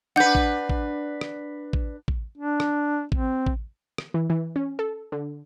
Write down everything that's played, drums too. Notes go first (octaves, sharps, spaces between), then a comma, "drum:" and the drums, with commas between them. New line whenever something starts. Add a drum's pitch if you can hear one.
D4 B4 F#5 G6
drum: kick A1
drum: kick A1
drum: rim click
drum: kick A1
drum: kick A1
D4
drum: rim click
C4, drum: kick A1
drum: kick A1
drum: rim click
E3
E3
C#4
A4
D3